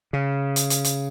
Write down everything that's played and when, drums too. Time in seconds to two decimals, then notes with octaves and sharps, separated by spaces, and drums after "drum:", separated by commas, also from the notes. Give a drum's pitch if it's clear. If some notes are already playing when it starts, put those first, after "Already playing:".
0.13 C#3
0.56 drum: hi-hat
0.70 drum: hi-hat
0.84 drum: hi-hat